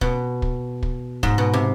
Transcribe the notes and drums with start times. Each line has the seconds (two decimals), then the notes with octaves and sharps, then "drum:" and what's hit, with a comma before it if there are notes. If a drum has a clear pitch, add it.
0.01 B2, drum: kick
0.42 drum: kick
0.83 drum: kick
1.23 G#2, drum: kick
1.38 B2
1.53 C3